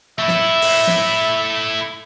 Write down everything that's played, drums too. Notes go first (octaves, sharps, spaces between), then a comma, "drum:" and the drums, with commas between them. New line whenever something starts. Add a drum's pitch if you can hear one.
A3 E4 E5
drum: snare
drum: open hi-hat
drum: snare